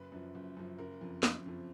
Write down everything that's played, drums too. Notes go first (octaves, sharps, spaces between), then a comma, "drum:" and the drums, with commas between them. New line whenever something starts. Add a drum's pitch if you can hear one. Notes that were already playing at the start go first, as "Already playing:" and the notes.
Already playing: F#1 B4
F#2 F3
F#1
F#2 F3
F#1 A#4
F2 F3
F#1, drum: snare
F2 F3